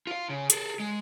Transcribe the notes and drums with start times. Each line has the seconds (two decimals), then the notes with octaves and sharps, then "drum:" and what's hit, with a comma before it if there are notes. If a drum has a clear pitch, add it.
0.07 F4 F5
0.29 C#3
0.50 G#4 A4, drum: hi-hat
0.80 G#3